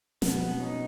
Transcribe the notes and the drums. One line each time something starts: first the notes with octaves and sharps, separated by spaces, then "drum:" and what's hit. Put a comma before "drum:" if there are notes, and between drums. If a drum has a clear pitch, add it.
B2 B3, drum: snare
B2
C#4 D#4